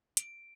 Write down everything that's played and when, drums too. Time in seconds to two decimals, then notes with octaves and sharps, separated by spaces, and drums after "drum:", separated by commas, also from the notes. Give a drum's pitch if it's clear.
0.17 D7, drum: hi-hat